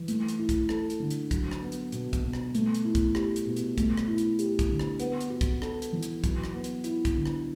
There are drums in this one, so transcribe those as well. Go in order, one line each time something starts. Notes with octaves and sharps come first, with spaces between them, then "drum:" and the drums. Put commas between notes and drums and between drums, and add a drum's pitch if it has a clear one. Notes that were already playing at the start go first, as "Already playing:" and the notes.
Already playing: E3
A3, drum: hi-hat
drum: hi-hat
E4
drum: kick, hi-hat
A4, drum: rim click
drum: hi-hat
D3
drum: hi-hat
F#3, drum: kick, hi-hat
drum: rim click
B3
drum: hi-hat
B2, drum: hi-hat
drum: kick, hi-hat
B2
drum: rim click
A3, drum: hi-hat
drum: hi-hat
E4
drum: kick, hi-hat
G4, drum: rim click
drum: hi-hat
B2
drum: hi-hat
A3, drum: kick, hi-hat
drum: rim click
E4
drum: hi-hat
G4, drum: hi-hat
drum: kick, hi-hat
D3
drum: rim click
B3, drum: hi-hat
drum: hi-hat
F#4
drum: kick, hi-hat
A4, drum: rim click
drum: hi-hat
E3
drum: hi-hat
F#3, drum: kick, hi-hat
drum: rim click
B3
drum: hi-hat
E4, drum: hi-hat
drum: kick, hi-hat
D3
drum: rim click